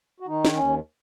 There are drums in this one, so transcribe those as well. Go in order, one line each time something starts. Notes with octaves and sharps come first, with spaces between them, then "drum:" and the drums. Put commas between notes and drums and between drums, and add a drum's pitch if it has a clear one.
F#4
D#3 D#4
drum: snare
D#2 C#4